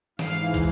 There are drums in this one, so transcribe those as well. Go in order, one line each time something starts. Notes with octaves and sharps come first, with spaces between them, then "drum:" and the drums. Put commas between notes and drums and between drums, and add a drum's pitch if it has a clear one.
G#2 E3 F5, drum: snare
drum: kick, hi-hat